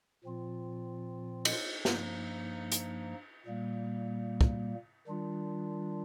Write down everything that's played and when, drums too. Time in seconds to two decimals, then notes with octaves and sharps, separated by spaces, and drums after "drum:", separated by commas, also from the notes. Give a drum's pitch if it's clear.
0.24 A#2 F3 C4 F4
1.45 drum: cymbal
1.85 G2 F3 A#3 D#4, drum: snare
2.72 drum: hi-hat
3.46 A#2 G3 A#3
4.41 drum: kick
5.07 D#3 G3 D4 F4